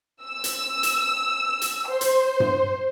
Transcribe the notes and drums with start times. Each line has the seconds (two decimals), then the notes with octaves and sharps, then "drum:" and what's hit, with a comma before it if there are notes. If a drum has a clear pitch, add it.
0.24 E6
0.44 drum: hi-hat
0.83 drum: hi-hat
1.62 drum: hi-hat
1.89 C5
2.01 drum: hi-hat
2.40 drum: tom G2